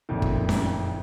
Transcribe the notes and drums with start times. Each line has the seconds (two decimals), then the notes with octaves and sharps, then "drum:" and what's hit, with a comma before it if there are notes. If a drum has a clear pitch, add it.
0.09 F#1 F2 A#2 D#3
0.22 drum: kick
0.49 drum: snare C#4